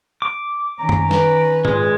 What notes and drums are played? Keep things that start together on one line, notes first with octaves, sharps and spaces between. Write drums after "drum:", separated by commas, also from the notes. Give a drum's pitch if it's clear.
D6
D#3 C#4 A#5
drum: tom F#2
B4, drum: snare
A#2 G#3, drum: tom G#2